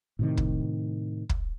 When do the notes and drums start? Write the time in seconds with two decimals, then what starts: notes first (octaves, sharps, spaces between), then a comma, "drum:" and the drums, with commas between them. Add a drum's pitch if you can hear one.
0.19 A2 C3 D#3
0.37 drum: kick
1.29 drum: kick